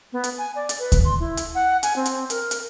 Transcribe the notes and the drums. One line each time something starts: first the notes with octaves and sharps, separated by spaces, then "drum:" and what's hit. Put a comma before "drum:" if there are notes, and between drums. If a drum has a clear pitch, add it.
B3
drum: hi-hat
G#5
D5
drum: hi-hat
B4
drum: kick D2, hi-hat
C6
E4
drum: hi-hat
F#5
G#5, drum: hi-hat
C4
drum: hi-hat
A#4, drum: hi-hat
drum: hi-hat